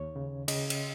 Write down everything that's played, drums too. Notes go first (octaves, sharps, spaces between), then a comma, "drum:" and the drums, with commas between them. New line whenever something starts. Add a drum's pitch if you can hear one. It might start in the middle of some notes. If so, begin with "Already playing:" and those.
Already playing: D#2 C#5
C#3
C#3 D#5, drum: cymbal
drum: cymbal